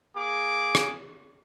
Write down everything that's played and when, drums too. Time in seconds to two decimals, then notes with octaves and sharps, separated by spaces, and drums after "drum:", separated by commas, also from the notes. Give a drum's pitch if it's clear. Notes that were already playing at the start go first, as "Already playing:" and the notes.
0.15 A#3 G#4 D6
0.75 drum: rim click